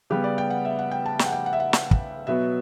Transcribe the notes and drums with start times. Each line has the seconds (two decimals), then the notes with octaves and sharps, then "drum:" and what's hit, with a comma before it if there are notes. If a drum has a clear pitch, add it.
0.10 C#3 G3 B3 G4
0.24 D5
0.38 G5
0.50 F#5
0.65 E5
0.79 F#5
0.91 G5
1.06 A5
1.19 G5, drum: snare
1.26 F#5
1.33 G5
1.46 F#5
1.53 E5
1.60 F#5
1.73 drum: snare
1.91 drum: kick
2.27 B2 F#3 B3 E5